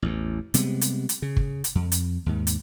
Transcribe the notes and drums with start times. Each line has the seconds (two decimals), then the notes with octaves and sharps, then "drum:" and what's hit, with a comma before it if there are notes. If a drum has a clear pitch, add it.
0.02 A1 E2
0.54 C3 G3 G#3 B3, drum: hi-hat
0.81 drum: hi-hat
1.09 drum: hi-hat
1.22 C#3
1.37 drum: kick
1.64 drum: hi-hat
1.75 F2
1.92 drum: hi-hat
2.26 D#2 G#2
2.47 drum: hi-hat